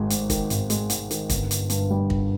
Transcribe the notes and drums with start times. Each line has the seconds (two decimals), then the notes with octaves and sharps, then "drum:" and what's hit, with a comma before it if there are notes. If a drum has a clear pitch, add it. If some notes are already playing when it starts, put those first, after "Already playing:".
Already playing: G#1 G#2 D#3 G#3
0.10 G#2, drum: hi-hat
0.30 D#3, drum: kick, hi-hat
0.50 G#1, drum: hi-hat
0.70 G#3, drum: hi-hat
0.90 G#2, drum: hi-hat
1.11 D#3, drum: hi-hat
1.30 G1, drum: kick, hi-hat
1.51 G1, drum: hi-hat
1.70 G2, drum: hi-hat
1.90 G3
2.10 G1, drum: kick